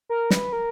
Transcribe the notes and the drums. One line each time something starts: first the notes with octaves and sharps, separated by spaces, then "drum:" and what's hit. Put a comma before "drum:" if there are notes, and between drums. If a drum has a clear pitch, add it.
A#4
B4, drum: snare
A#4